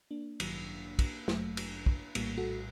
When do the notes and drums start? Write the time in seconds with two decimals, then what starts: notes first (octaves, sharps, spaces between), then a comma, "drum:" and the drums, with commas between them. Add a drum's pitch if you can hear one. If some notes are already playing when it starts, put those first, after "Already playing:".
0.11 A#3 D4
0.40 A1 G2 D#3 F#3, drum: cymbal
0.99 drum: kick, cymbal
1.28 G1 F#2 F#3 A3, drum: snare
1.57 drum: cymbal
1.86 drum: kick
2.15 A#1 A2 G3 A#3, drum: cymbal
2.37 F#4 A4